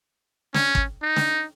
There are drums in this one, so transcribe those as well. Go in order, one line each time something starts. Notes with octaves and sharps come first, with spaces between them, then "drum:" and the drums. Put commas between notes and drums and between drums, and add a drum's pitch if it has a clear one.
C#4, drum: snare
drum: kick
D#4
drum: snare